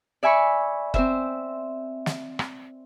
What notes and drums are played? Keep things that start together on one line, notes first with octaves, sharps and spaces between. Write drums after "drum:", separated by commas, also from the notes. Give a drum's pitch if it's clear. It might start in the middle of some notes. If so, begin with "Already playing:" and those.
D5 E5 G#5 B5 C#6
C4 C5 E5, drum: kick F#1
drum: snare
drum: rim click